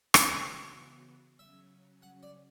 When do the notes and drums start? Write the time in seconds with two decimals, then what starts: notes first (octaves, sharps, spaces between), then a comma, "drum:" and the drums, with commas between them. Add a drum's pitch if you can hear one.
0.14 C#3 E3 B3 F#4 C#5, drum: rim click
1.39 C#3 F#3 C#4 E5
2.02 F#5
2.23 D5